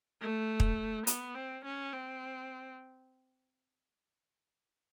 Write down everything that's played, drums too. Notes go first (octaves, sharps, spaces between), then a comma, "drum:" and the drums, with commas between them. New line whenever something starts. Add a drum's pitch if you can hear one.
A3
drum: kick
B3, drum: hi-hat
C4
C#4
C4